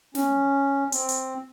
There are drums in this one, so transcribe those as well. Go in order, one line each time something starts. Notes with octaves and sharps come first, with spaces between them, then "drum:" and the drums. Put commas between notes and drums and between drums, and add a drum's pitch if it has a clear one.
C#4, drum: snare
C4, drum: hi-hat
drum: hi-hat